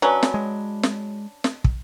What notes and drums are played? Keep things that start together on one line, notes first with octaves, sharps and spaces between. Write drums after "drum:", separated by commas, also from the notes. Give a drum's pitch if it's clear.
F#3 C#4 D4 B4
drum: snare
G#3
drum: snare
drum: snare
drum: kick